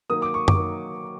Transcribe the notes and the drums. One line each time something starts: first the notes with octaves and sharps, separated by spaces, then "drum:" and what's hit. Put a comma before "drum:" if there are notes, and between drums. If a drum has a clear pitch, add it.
D#3 F#3 A#3 D#6
D6
C#6
D6, drum: tom F#2
D#3 F#3 A#3